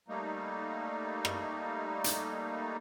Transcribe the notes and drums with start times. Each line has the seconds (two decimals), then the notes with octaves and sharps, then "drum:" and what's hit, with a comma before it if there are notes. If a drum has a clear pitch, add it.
0.08 G3 A3 A#3 D#4
1.25 drum: rim click
2.04 drum: hi-hat